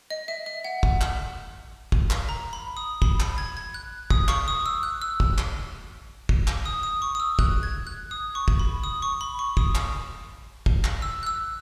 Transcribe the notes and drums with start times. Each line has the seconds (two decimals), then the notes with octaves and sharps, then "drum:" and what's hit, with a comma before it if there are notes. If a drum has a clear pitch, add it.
0.10 D#5
0.28 E5
0.46 E5
0.64 F#5
0.83 drum: kick
1.01 drum: clap
1.92 drum: kick
2.10 drum: clap
2.29 A#5
2.53 B5
2.77 D#6
3.02 B5, drum: kick
3.20 B5, drum: clap
3.38 G#6
3.57 G#6
3.74 F#6
4.10 D#6, drum: kick
4.28 C#6, drum: clap
4.48 D#6
4.66 E6
4.83 F#6
5.02 E6
5.20 drum: kick
5.38 drum: clap
6.29 drum: kick
6.47 drum: clap
6.66 D#6
6.83 D#6
7.02 C#6
7.15 D#6
7.20 E6
7.39 F#6, drum: kick
7.63 G#6
7.87 F#6
8.11 D#6
8.35 C#6
8.48 drum: kick
8.60 B5
8.84 D#6
9.02 C#6
9.21 B5
9.39 C#6
9.57 D#6, drum: kick
9.75 drum: clap
10.66 drum: kick
10.84 drum: clap
11.02 E6
11.23 F#6
11.27 E6